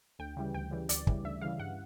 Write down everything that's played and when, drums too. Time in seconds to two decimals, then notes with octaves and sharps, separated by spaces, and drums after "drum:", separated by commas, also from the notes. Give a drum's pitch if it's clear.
0.19 D2 G5
0.37 C#3 E3 G3
0.54 D2 G5
0.71 C#3 E3 G3
0.89 D2 D5, drum: hi-hat
1.07 C#3 E3 G3, drum: kick
1.24 D2 E5
1.41 C#3 E3 G3 F5
1.59 G2 F#5